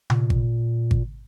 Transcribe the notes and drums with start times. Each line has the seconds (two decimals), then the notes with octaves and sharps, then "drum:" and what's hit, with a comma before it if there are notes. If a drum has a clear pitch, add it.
0.10 A#2, drum: tom C3
0.30 drum: kick G#1
0.91 drum: kick G#1